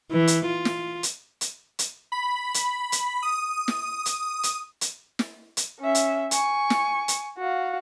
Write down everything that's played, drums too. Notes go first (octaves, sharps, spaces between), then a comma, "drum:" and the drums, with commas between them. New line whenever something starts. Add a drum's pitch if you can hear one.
E3
drum: hi-hat
F4
drum: snare
drum: hi-hat
drum: hi-hat
drum: hi-hat
B5
drum: hi-hat
drum: hi-hat
D#6
drum: snare
drum: hi-hat
drum: hi-hat
drum: hi-hat
drum: snare
drum: hi-hat
C#4 E5
drum: hi-hat
G#5 C#6, drum: hi-hat
drum: snare
drum: hi-hat
F#4 F5